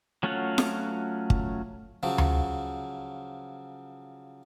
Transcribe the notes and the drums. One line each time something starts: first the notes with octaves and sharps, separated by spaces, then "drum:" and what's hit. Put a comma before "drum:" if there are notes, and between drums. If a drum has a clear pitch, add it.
F#3 A3 C#4 F4 F#5
drum: snare F4
drum: kick
C#3 F3 F#3
drum: tom D2